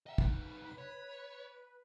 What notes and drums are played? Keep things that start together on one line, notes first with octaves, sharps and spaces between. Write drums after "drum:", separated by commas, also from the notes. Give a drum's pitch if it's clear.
D#5 E5 F#5 G5 A#5
C2 D#4 B4 B5, drum: kick
C#5